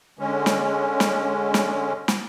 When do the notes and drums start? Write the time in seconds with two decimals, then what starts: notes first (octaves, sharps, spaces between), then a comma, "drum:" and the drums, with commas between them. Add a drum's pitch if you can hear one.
0.19 D3 G#3 C#4
0.46 drum: snare
1.00 drum: snare
1.54 drum: snare
2.08 drum: snare